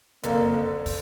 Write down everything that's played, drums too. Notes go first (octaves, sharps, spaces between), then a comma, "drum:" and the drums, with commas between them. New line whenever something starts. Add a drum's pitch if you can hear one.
F#1 F2 D3 A#3, drum: hi-hat
D3
drum: kick, open hi-hat